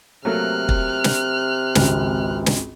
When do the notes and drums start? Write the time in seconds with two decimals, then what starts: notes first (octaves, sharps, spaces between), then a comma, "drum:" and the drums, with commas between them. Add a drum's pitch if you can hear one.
0.25 C3 F#3 A3 A#3 F6 F#6
0.69 drum: kick
1.04 drum: snare
1.75 G#1 C#2, drum: snare
2.46 drum: snare